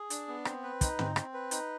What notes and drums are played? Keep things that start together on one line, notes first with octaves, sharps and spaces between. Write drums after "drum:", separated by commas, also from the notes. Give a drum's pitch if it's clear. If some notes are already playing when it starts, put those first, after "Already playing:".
Already playing: G#4
D4, drum: hi-hat
B3
C4, drum: rim click
B4
D#4, drum: kick, hi-hat
C4, drum: tom
C4, drum: rim click
B4
D#4, drum: hi-hat